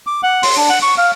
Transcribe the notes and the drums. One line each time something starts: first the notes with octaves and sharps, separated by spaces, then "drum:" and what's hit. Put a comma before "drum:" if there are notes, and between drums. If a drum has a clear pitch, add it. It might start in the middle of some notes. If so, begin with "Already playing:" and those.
D6
F#5
C6, drum: open hi-hat
D4
F#5
C#6
F5